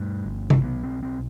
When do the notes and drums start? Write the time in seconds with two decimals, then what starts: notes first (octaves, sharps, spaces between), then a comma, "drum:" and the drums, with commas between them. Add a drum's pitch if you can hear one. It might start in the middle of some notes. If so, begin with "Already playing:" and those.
Already playing: G2 A3
0.25 G1
0.50 drum: tom C3
0.63 B1 B3
0.83 C4
1.03 B1 C4